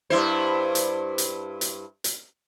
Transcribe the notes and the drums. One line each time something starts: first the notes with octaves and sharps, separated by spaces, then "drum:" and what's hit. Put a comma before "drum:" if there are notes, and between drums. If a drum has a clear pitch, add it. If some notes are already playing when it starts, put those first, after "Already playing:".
G2 E4 C5
drum: hi-hat
drum: hi-hat
drum: hi-hat
drum: hi-hat